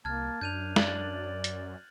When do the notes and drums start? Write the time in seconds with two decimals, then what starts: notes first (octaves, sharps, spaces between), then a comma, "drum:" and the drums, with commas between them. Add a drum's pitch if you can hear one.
0.05 C2 A#3 A5 F6 G#6
0.41 F#2 D4 G6 D#7 F7
0.76 D5 F#6 A6 F#7, drum: snare
1.44 drum: hi-hat